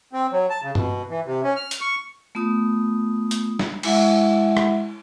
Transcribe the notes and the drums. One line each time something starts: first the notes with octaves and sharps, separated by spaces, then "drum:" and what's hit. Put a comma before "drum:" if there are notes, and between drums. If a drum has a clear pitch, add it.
C4
F#3
A5
C#3
B2, drum: tom G2
E3
C3
C#4
F6
drum: hi-hat
C#6
A3 B3 F4 D#6
drum: hi-hat
drum: snare G3
G#3 E4 E5 F#5, drum: cymbal
drum: rim click